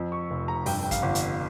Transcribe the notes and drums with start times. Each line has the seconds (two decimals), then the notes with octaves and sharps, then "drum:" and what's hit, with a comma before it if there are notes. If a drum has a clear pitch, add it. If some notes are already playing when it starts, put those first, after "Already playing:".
Already playing: F2
0.12 C#6
0.30 F1
0.48 A#5
0.66 G2 G5, drum: open hi-hat
0.83 G5
0.91 F5, drum: kick, hi-hat
1.02 G1
1.15 drum: hi-hat